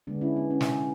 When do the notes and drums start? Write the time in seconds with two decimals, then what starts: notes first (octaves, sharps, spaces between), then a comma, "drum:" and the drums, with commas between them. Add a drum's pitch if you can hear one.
0.07 D3 G#3 B3 D4
0.21 C#4 E4
0.36 B3
0.50 C#4
0.61 drum: snare